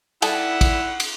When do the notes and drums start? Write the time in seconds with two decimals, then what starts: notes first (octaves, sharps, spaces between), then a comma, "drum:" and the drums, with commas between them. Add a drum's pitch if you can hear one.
0.22 G3 E4 G#4 A4 F#5, drum: cymbal
0.61 drum: kick, cymbal
1.00 drum: cymbal